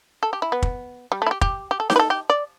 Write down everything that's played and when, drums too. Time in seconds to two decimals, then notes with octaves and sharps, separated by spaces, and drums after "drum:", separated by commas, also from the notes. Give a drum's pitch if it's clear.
0.23 A4
0.33 G4
0.42 E4
0.52 B3
0.62 drum: kick
1.12 G3
1.22 A3
1.26 E4
1.31 G4
1.41 G4, drum: kick
1.71 G4
1.80 A4
1.90 G4, drum: snare D#4
1.96 B4
1.99 A4
2.10 G4
2.30 D5